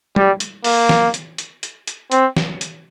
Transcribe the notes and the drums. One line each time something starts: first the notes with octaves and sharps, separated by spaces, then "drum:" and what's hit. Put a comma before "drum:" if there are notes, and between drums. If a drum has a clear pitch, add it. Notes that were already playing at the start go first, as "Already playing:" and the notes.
G3, drum: tom
drum: hi-hat
A#3, drum: open hi-hat
drum: snare
drum: hi-hat
drum: hi-hat
drum: hi-hat
drum: hi-hat
C4, drum: hi-hat
drum: snare
drum: hi-hat